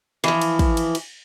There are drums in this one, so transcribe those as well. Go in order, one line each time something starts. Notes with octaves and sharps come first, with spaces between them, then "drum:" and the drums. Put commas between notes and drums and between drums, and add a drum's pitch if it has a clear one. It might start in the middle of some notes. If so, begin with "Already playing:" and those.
E3 F3, drum: cymbal
drum: cymbal
drum: kick, cymbal
drum: cymbal
drum: cymbal